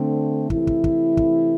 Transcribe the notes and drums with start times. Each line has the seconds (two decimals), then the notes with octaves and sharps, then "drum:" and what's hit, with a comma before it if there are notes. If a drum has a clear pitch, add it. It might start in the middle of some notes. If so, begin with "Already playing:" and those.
Already playing: D3 A3 C4
0.50 C3 E3 A3 E4, drum: kick
0.67 drum: kick
0.84 drum: kick
1.17 drum: kick